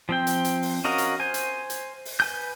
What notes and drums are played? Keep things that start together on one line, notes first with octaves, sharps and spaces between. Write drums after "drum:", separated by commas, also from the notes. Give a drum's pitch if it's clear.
F3 C4 G5
drum: hi-hat
drum: hi-hat
drum: open hi-hat
C#4 F#4 A#4 D#5 F5
drum: hi-hat
C5 G#5
drum: hi-hat
drum: hi-hat
drum: open hi-hat
B4 G#5 G6